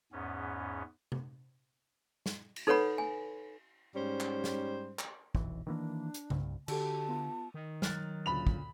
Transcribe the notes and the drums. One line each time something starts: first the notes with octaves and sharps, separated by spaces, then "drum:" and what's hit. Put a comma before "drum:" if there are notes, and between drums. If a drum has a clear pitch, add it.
E2 G#2 B3 C#4
drum: tom C3
drum: snare
drum: cymbal
D#4 A4 B4 C#5 F#5 B5
G#5
G#2 G3 C#4 C5
drum: clap
drum: snare
drum: clap
F1 B1 E3, drum: kick
D#3 E3 A#3 D4
drum: hi-hat
C2 G2, drum: tom C#3
D3 F#4 G4 A4 A5, drum: cymbal
B3 F4
D#3
F#3 F6 F#6 A6, drum: snare
D2 A#2 C#3 B5 F7
drum: kick